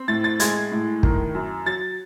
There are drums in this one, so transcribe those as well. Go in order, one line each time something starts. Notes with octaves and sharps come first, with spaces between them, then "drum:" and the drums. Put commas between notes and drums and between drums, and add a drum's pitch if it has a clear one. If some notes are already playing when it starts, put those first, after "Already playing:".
Already playing: C4
A2 A6
A6
G#3 G#6, drum: hi-hat
A2
D#3, drum: kick
F#2
F#3 A6